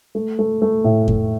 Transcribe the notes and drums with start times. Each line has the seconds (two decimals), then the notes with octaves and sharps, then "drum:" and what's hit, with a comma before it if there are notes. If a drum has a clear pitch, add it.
0.15 A3
0.39 A3
0.62 A3
0.84 A2
1.08 A2, drum: kick F2